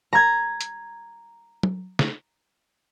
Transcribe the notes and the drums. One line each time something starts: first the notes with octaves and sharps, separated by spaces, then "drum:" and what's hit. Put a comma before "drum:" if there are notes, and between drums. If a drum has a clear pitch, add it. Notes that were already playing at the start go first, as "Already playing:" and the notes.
A#5 G#6
drum: hi-hat
drum: tom
drum: snare